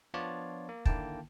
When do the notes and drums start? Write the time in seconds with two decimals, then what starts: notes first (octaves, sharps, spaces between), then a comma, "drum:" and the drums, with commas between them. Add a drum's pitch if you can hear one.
0.14 F3 B3 D4 F4 C#5 D5
0.69 A#3
0.86 D3 D#3 A#3 E4 G5 A5, drum: kick